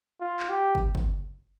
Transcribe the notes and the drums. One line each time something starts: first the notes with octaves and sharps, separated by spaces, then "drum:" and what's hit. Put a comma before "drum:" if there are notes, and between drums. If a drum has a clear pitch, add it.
F4
drum: clap
G4
drum: kick
drum: kick